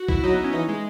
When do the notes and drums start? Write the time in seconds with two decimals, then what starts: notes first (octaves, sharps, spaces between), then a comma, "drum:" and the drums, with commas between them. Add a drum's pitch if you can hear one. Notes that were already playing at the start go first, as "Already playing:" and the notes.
Already playing: F#4
0.08 E4, drum: kick
0.23 F#3 D#4
0.33 B3
0.44 C#4
0.53 E3 D#4
0.69 G#3